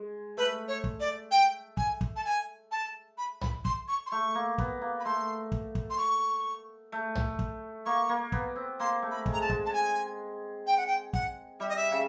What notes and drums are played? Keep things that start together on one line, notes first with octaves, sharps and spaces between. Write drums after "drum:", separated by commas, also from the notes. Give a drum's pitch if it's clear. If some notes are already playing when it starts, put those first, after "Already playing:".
Already playing: G#3
A3 B4
C#5
drum: kick
D5
G5
G#5, drum: kick
drum: kick
A5
G#5
A5
B5
B5, drum: tom B1
C6, drum: kick
C#6
C6
A3 C#6
A#3
B3, drum: kick
A#3
B5
A3 C6
drum: kick
drum: kick
C6
C#6
A3
drum: tom B1
drum: kick
A#3 C#6
A#3
B3, drum: kick
C4
A#3 C6
A3
B5
G#3, drum: kick
A#5
A5
G#3, drum: kick
A5
G#5
G5
F#5
G5
F#5, drum: kick
G3 E5
D#5
E5
C#3